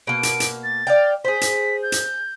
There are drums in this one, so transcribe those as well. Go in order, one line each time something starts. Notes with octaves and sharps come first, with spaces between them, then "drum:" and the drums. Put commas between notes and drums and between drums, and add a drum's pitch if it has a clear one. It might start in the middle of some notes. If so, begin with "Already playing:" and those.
B2 A#3 D7
drum: hi-hat
drum: hi-hat
A6
D5 F5 G5
G#4 C5 B6
drum: hi-hat
G6
drum: hi-hat